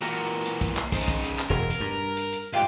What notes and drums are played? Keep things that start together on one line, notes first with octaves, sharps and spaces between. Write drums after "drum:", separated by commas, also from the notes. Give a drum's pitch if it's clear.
A#2 E3 F#4 A#4 A#5
drum: hi-hat
drum: kick, hi-hat
drum: clap
C#3 D#4 C5, drum: kick, open hi-hat
drum: kick, hi-hat
drum: hi-hat
drum: clap
E1 F#2 C#3 A#4
drum: hi-hat
G2
drum: hi-hat
drum: hi-hat
D2 G#2 F4 G4